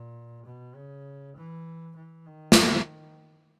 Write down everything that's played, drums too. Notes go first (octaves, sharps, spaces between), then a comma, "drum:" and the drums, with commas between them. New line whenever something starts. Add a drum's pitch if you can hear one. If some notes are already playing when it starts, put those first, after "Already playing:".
Already playing: A#2
B2
C#3
E3
E3
D#3
drum: snare